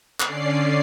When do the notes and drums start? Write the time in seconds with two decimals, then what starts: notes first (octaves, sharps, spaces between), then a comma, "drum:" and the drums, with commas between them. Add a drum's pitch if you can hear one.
0.20 D3 C#4 D5 C7, drum: clap